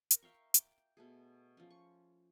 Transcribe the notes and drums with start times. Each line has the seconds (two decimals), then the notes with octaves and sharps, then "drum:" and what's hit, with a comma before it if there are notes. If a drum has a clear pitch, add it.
0.11 A#4, drum: hi-hat
0.23 E5 F5 G5 C#6
0.54 G5 D6, drum: hi-hat
0.97 B2 A3 G#4
1.57 F3 C#4
1.70 C#6